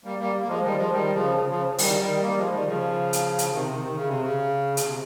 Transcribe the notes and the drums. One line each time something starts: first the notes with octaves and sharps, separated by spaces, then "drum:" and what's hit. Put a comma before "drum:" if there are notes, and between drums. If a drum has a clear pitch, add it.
G3 A#3
G3 A#3
A#3
F3 G#3
D#3 G3
F3 G#3
D#3 G3
C#3 F3
C#3
C#3 F3
D#3 G3, drum: open hi-hat
D#3 G3
G3 A#3
F3 G#3
D#3 G3
C#3 F3
drum: hi-hat
drum: hi-hat
C3 D#3
C3 D#3
D#3
C#3
C3
C#3
C#3, drum: hi-hat
C3